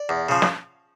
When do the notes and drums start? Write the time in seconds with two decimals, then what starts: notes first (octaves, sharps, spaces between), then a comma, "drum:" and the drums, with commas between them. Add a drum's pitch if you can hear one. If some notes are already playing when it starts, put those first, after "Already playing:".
Already playing: D5
0.09 E2
0.29 C#3 F3
0.42 drum: snare